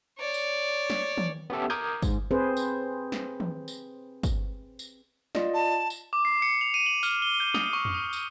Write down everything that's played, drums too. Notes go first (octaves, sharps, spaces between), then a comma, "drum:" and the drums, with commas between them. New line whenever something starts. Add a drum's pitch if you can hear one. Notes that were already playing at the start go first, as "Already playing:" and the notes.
C#5 D5
drum: tambourine
drum: snare
drum: tom
B3 C#4 G4 A4 E5
A#4 D6 D#6 G6 G#6
G#2, drum: kick, tambourine
C4 G#4 B4 C5
drum: tambourine
drum: snare
drum: tom
drum: tambourine
drum: kick, tambourine
drum: tambourine
F4 D5 D#5, drum: snare
A5
drum: tambourine
D6
C7
C#7
F7
D#7
F#7
F6, drum: tambourine
G7
G6
D#6, drum: snare
C#6
drum: tom E2
D#6
drum: tambourine